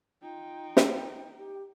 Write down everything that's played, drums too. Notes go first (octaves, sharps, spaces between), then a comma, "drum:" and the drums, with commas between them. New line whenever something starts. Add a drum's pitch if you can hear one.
D#4 F4 G5
drum: snare
G4